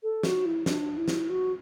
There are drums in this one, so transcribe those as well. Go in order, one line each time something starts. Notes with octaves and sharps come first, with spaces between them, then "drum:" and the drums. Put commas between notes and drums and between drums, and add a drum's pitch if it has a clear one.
A4
F#4, drum: snare
E4
D4, drum: snare
E4
drum: snare
F#4